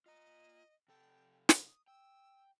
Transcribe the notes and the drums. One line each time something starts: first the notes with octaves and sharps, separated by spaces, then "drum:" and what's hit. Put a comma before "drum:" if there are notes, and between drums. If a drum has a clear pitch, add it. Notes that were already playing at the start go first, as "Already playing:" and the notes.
F4 D#5 A#5
C3 A4 G5
drum: snare
D#6
G5 E6